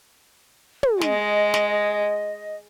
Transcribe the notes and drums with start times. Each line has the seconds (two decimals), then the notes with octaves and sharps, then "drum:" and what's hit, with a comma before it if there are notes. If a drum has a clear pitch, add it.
0.83 drum: tom
1.01 G#3 D#5, drum: snare
1.54 drum: snare